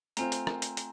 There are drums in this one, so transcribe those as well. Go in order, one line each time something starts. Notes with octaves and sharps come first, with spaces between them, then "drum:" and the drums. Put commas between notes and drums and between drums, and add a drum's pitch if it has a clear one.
A3 C4 F4 G#5 A#5, drum: hi-hat
drum: hi-hat
drum: rim click
drum: hi-hat
drum: hi-hat